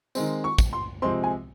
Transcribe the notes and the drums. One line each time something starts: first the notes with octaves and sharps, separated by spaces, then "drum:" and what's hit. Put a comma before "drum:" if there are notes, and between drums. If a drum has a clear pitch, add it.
D#3 G#3 C4, drum: tambourine
C#6
drum: kick, tambourine
C6
C3 F3 G#3 C4 C6
G#5